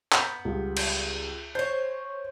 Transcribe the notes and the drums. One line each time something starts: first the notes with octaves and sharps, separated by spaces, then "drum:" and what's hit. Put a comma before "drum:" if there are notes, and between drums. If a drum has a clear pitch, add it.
B3 A#5 B5 G6, drum: clap
C#2 G3
drum: cymbal
C5 C#5 G6